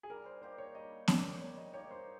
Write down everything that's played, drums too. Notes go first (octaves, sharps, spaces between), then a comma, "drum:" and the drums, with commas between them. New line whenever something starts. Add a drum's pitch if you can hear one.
G#4
G3 A#4
C5
A#3 D#4 G4 C5
C#5
G3 D#5
A#3 D#4 G4 C#5, drum: snare B3
G3 C#5
D#5
A#3 D#4 G4 C#5
C5